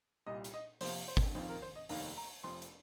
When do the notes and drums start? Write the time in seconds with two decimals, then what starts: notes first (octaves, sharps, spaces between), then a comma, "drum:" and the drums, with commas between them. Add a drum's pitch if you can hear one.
0.26 C2 A#2 G3 D#5
0.44 drum: hi-hat
0.54 D#5
0.81 F2 C3 F3 A#3 F4 C5, drum: open hi-hat
1.08 C5
1.17 drum: kick
1.35 F2 D#3 C4 F4 C5
1.49 A#4
1.62 C5
1.76 D#5
1.89 F1 D#2 D#3 A#3 F5, drum: open hi-hat
2.17 A#5
2.43 F1 F2 F3 C6
2.62 drum: hi-hat